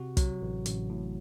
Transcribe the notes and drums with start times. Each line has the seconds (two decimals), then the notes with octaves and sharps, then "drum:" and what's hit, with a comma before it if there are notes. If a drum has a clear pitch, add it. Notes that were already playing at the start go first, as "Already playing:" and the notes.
Already playing: C3 F#4
0.17 F#3, drum: kick, hi-hat
0.42 A1
0.66 A1, drum: hi-hat
0.89 A2